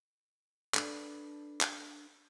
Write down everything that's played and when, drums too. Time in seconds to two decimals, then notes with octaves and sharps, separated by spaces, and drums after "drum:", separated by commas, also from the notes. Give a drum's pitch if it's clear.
0.74 D4 A4 B4, drum: clap
1.61 drum: clap